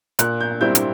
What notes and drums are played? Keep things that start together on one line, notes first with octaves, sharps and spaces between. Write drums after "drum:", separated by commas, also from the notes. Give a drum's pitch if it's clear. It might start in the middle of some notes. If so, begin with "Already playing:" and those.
A#2 F#6, drum: hi-hat
G6
G3 C4 E4 G6
drum: hi-hat